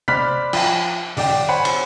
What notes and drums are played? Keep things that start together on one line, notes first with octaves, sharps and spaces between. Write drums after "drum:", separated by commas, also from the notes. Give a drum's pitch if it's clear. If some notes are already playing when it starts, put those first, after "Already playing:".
C5 D5 B5 F6 F#6 B6, drum: tom
F3 G5, drum: cymbal
D#1 D5 G5, drum: open hi-hat
C5 C#5 F#5 G#5 B5
drum: cymbal